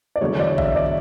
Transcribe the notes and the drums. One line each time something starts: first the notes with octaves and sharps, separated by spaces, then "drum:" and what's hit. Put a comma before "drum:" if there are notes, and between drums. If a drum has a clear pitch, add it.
D5
E2 D3 F#3 A3 C#5
D5
E5, drum: kick A#1
D5